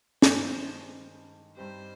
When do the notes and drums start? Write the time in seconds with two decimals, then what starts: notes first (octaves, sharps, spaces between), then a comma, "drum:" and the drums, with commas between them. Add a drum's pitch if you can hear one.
0.22 G2 D#3 G#3 D#4 C5, drum: snare
1.56 G2 G3 C4 D#4 G4 C5